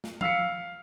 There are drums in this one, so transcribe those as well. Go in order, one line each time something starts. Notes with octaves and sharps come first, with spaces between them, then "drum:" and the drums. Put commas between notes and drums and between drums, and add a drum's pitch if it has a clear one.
drum: snare
F5 E6 B6 C#7, drum: tom F3